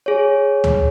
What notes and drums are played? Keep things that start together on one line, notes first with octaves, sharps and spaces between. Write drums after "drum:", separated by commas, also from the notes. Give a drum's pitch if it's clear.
G#4 C#5
drum: tom